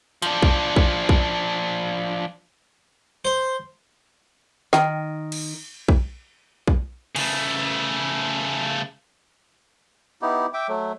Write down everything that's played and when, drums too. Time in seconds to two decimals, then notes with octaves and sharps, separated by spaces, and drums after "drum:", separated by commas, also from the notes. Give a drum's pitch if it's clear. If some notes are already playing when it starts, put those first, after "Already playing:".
0.22 F3 D4, drum: hi-hat
0.42 drum: kick A#1
0.76 drum: kick A#1
1.09 drum: kick A#1
3.25 C5
4.73 D#3, drum: snare
5.32 drum: cymbal
5.88 drum: kick A#1
6.67 drum: kick A#1
7.16 C#3 A3, drum: cymbal
10.22 B3 D#4 E4 G4
10.54 E5 G5 D6
10.68 F#3 A3